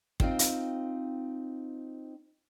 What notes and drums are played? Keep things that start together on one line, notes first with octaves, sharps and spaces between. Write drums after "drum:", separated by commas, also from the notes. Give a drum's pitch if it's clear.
C4 D#4 F4 C5 G5, drum: kick
drum: hi-hat